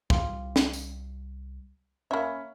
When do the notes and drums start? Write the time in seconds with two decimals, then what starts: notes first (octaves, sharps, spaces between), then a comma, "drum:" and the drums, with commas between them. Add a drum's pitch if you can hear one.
0.10 C2 G3 F4, drum: kick
0.56 drum: snare
0.73 drum: tambourine
2.11 A#3 C#4 E5 B5